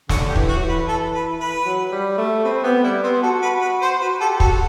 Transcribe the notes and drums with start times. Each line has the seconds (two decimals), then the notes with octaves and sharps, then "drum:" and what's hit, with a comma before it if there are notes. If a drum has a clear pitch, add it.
0.09 D3 F#4, drum: snare
0.29 G4
0.36 E3, drum: kick
0.48 F#4
0.56 F#3
0.61 E3
0.68 B4
0.88 A4
1.14 B4
1.40 B4
1.66 F#3
1.92 G3
2.18 A3
2.44 C4 B4
2.64 B3 G4
2.84 G3 E4
3.03 B3 C4
3.23 F#4 A4
3.42 B4
3.62 B4
3.82 C5
4.01 F#4 B4
4.21 G4 A4
4.36 G4
4.40 F#4 A4, drum: kick